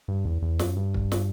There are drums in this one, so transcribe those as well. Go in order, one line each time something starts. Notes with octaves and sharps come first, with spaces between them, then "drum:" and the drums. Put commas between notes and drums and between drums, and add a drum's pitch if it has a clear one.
G2
E2
E2
F#2, drum: snare
G2
drum: kick
drum: snare